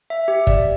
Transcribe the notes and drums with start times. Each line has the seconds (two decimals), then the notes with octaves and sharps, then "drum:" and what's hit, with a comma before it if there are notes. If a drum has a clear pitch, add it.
0.10 E5
0.28 G4 E5
0.47 D5, drum: kick